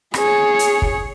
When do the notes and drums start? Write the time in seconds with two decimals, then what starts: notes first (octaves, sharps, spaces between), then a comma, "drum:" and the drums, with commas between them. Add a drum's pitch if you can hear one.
0.14 G#4 C#5, drum: rim click
0.59 drum: hi-hat
0.82 drum: kick